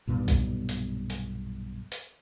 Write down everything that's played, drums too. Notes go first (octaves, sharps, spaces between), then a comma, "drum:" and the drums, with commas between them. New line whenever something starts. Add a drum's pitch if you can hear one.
B1 G2 A#2 B3
drum: kick, hi-hat
drum: hi-hat
drum: hi-hat
drum: hi-hat